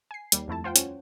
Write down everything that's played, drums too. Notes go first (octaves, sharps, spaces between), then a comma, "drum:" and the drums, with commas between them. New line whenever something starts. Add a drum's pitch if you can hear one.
G#5 C7
D#2 G3, drum: hi-hat
F2 A3 E4 A5
F4 C5 F#5 G5
C#4 C#5, drum: hi-hat